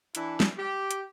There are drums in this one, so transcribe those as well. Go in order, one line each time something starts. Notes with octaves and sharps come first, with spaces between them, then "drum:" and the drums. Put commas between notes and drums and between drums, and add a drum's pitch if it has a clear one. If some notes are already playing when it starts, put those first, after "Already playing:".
E3 D4 E4, drum: hi-hat
drum: snare
G4
drum: hi-hat